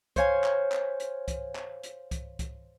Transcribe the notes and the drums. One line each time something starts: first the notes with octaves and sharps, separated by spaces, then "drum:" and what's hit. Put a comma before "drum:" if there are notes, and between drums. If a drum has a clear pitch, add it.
C5 C#5 F5 G#5, drum: kick C2, hi-hat
drum: clap
drum: clap
drum: hi-hat
drum: kick C2, hi-hat
drum: clap
drum: hi-hat
drum: kick C2, hi-hat
drum: kick C2, hi-hat